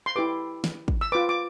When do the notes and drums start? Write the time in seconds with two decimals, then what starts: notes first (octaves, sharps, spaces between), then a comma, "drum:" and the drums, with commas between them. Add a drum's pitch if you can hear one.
0.06 C6
0.16 E4 G4 B4 D6
0.64 drum: snare
0.88 drum: kick
1.01 E6
1.12 F4 B4 D6
1.29 D6